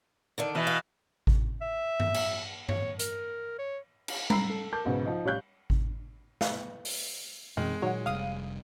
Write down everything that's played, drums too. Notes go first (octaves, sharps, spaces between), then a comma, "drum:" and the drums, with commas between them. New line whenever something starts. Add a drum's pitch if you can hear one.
D3 D#3 D4
B2 E3
F5
drum: kick G#1
E5
drum: tom G2
drum: cymbal
C#5, drum: tom G2
A#4, drum: hi-hat
C#5
drum: cymbal
A#5 B5 E6 C7, drum: tom G3
A4
A#4 A5 D6 G6
B1 G#2 C#3 F#3 B3
F3 D#4
A1 G3 C#5 F5 F#6 G6
drum: kick G#1
A4 B4 F5, drum: snare
drum: open hi-hat
F#2 B2 D#3 E3 G#3 C4
A#2 D#3 F#3 C#5 F#5
F1 C3 G3 F5 D#6